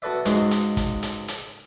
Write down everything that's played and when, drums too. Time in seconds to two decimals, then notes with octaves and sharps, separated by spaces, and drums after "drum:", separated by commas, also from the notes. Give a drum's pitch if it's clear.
0.02 B3 F#4 A4 B4 D5 E5
0.25 C#2 G#2 G#3 D#4 F#4, drum: hi-hat
0.51 drum: hi-hat
0.77 drum: kick, hi-hat
1.03 drum: hi-hat
1.28 drum: hi-hat